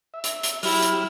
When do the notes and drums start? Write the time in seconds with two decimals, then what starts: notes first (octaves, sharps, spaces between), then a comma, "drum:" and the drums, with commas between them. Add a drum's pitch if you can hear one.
0.14 E5
0.24 drum: hi-hat
0.43 drum: hi-hat
0.63 F#3 E4 G4 F6, drum: open hi-hat
0.82 drum: hi-hat